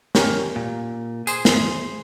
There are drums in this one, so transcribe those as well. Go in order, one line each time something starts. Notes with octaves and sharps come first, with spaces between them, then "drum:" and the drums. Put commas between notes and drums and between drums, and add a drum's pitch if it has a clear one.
C#4 G4 A#4, drum: snare
A#2
G#4 C5, drum: tambourine
drum: snare